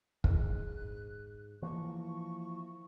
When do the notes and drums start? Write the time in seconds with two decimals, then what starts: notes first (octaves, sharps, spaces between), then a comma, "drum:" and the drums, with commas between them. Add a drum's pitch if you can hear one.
0.24 G#2 F#6, drum: kick
1.62 E3 F3 A#3 C#6